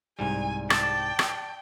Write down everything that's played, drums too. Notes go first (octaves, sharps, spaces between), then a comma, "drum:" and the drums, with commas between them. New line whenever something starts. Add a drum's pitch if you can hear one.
C2 G#2 G3 G#5
D5 G5 A5, drum: rim click
drum: rim click